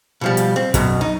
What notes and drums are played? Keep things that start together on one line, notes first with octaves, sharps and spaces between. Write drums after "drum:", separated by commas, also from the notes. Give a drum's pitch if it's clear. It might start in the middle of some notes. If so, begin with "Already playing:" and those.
B2 F3 G3
drum: hi-hat
C4
F#2 B2, drum: kick, hi-hat
D#4